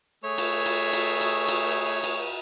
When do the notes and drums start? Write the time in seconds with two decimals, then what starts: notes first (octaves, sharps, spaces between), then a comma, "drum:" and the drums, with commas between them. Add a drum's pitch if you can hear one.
0.24 A3 G#4 C#5
0.38 drum: cymbal
0.66 drum: cymbal
0.93 drum: cymbal
1.21 drum: cymbal
1.49 drum: cymbal
2.04 drum: cymbal